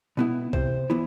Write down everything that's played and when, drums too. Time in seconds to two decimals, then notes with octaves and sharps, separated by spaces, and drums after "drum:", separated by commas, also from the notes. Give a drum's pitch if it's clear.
0.17 B2 B3 E4
0.53 C3 C5, drum: kick
0.90 E3 B3 E4